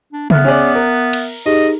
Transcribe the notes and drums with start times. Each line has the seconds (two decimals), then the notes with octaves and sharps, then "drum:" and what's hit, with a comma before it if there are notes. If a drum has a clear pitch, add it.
0.13 D4
0.30 B3 E5 F6 F#6, drum: tom C#3
0.44 C#4 G#4 D5
0.75 A#4
1.13 drum: cymbal
1.46 D#4 G4 G#4 D#5